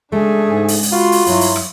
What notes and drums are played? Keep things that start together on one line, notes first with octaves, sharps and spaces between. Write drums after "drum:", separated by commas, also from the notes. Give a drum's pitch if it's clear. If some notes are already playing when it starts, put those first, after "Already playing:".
C#3 G#3 A3 D4 G#4
G#2
drum: open hi-hat
drum: open hi-hat
F4 F#4 B5 C6
drum: open hi-hat
G2 F#3 E4, drum: open hi-hat
drum: open hi-hat
drum: rim click